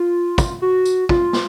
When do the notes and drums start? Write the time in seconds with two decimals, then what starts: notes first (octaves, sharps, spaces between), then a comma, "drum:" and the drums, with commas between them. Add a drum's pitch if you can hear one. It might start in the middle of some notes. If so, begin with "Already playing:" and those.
Already playing: F4
0.38 drum: kick, tambourine
0.62 F#4
0.86 drum: tambourine
1.09 F4, drum: kick
1.33 drum: snare